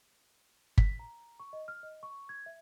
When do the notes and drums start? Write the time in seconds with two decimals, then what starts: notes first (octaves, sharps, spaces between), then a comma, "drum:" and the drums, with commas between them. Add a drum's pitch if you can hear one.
0.78 B6, drum: kick G1
0.99 A#5
1.40 C#6
1.53 D#5
1.68 F6
1.83 D#5
2.03 C#6
2.29 G#6
2.46 E5